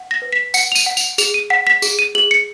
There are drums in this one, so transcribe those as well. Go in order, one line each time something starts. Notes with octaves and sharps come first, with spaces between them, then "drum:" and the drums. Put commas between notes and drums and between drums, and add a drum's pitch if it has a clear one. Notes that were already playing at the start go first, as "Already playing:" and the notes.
Already playing: F#5
A#6
B4
B6
F#5 C#7, drum: tambourine
F7
D#7, drum: tambourine
F#5
F7, drum: tambourine
G#4 F7, drum: tambourine
D#7
F#5 B6
B6
G#4, drum: tambourine
D#7
G#4 F#7
C#7